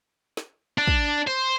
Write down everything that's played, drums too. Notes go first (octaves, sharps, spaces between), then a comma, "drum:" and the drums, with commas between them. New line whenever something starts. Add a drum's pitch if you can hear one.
drum: snare
D4
drum: kick
C5